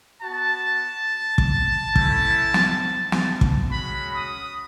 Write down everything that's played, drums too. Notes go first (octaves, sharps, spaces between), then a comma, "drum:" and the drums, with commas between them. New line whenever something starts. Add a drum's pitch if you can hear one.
B3 F#4 A5
drum: kick
A3 C#4 E4, drum: kick
drum: snare
drum: snare
drum: kick
G#3 C#4 F#4 B5
D#6